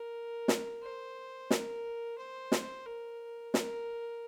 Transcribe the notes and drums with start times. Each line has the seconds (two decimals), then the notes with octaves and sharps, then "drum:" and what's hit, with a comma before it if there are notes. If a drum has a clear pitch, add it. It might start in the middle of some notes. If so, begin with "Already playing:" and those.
Already playing: A#4
0.48 drum: snare
0.82 C5
1.51 A#4, drum: snare
2.17 C5
2.52 drum: snare
2.85 A#4
3.54 A#4, drum: snare